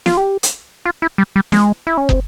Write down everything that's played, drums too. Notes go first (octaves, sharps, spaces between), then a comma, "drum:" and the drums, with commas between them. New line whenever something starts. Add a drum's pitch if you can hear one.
F4, drum: snare
G4
drum: hi-hat
F4
E4
G3
G3
G#3, drum: snare
E4
C#4
C4, drum: kick